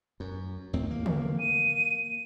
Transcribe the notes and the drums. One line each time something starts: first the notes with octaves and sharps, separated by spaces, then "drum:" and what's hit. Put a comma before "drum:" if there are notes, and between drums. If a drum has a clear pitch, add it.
F#2
D#2 A2 C4
A#3
drum: tom
D#7